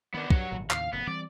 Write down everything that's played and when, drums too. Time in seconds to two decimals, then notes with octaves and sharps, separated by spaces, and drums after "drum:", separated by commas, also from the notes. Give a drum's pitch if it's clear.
0.14 D#3 B3 D4
0.30 G2 F#3 F#5, drum: kick
0.51 G#1 G2 A#2
0.71 D#2 A2 C#3 F5, drum: clap
0.93 F1 F#2 A2 B3
1.07 E3 G3 C4 D5